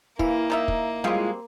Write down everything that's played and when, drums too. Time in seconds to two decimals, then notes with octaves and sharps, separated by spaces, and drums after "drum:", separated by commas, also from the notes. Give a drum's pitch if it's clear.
0.19 E3 A#3 E4 F5, drum: kick
0.50 D#3 D#4 E5
0.68 drum: kick
1.04 G3 G#3 C4 F4